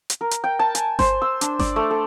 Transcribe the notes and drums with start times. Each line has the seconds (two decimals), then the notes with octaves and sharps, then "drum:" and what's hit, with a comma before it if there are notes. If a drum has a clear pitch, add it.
0.10 drum: hi-hat
0.21 A#4
0.31 drum: hi-hat
0.44 G5
0.59 A5
0.75 G#5, drum: hi-hat
0.99 C5, drum: snare G1
1.22 E6
1.41 D4, drum: hi-hat
1.59 D5, drum: snare G1
1.76 A3
1.91 A4